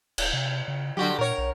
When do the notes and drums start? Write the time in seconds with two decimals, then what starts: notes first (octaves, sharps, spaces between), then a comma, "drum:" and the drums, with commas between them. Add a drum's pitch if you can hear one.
0.18 D1, drum: cymbal
0.33 C3
0.68 C#3
0.97 D3 F#3 F#4 G4
1.18 A#2 A#4 C#5
1.38 B1